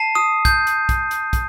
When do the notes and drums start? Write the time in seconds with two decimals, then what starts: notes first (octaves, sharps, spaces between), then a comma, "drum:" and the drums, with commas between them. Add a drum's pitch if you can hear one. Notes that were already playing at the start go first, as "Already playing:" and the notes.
Already playing: A5 C7 D#7
0.15 D#6
0.45 G6, drum: kick, hi-hat
0.67 drum: hi-hat
0.89 drum: kick, hi-hat
1.11 drum: hi-hat
1.33 drum: kick, hi-hat